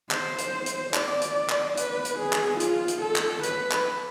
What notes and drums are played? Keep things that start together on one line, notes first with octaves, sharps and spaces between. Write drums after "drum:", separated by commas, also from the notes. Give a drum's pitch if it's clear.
C5, drum: clap
drum: hi-hat
drum: hi-hat
D5, drum: clap
drum: hi-hat
drum: clap
B4, drum: hi-hat
drum: hi-hat
G#4
drum: clap
F4, drum: hi-hat
drum: hi-hat
A4
drum: clap
B4, drum: hi-hat
drum: clap